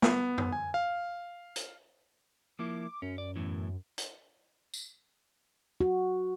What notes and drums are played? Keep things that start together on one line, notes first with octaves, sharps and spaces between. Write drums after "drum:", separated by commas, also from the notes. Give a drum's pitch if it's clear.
B3, drum: snare
drum: tom F#2
G#5
F5
drum: hi-hat
F3 A#3 E4 D6
F#2 C#4
D5
E2 A2 E3
drum: hi-hat
drum: tambourine
F#4